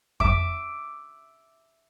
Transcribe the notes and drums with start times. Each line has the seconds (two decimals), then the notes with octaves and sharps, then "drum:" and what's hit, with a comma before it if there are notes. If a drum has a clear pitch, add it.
0.20 E5 D6, drum: kick F2